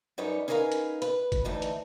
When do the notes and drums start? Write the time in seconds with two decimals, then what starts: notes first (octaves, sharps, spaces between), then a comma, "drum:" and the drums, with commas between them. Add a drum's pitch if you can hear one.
0.18 F#2 G3 D#4 B4 C#5
0.48 C#4 D#4 G#4 A#4 B4 F5
0.72 drum: hi-hat
1.02 B4, drum: hi-hat
1.32 drum: kick, hi-hat
1.45 D2 A2 E3 D#4
1.62 drum: hi-hat